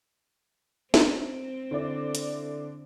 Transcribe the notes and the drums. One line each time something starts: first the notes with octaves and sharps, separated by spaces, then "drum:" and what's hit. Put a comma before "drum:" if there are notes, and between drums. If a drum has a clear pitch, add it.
C4, drum: snare
D3 E4 D5
drum: hi-hat